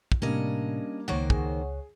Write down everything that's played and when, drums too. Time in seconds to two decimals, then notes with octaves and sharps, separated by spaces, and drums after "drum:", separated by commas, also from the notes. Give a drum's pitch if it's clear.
0.12 drum: kick
0.22 A2 C3 G3 A#3 C#4 D4 D#5
1.08 C#2 D#3 A#3 C5 C#5 F#5
1.30 G#4, drum: kick